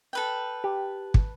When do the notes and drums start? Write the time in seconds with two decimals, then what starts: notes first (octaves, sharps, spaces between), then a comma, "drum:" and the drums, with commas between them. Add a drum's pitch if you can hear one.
0.13 A4 B4 G5
0.64 G4
1.14 drum: kick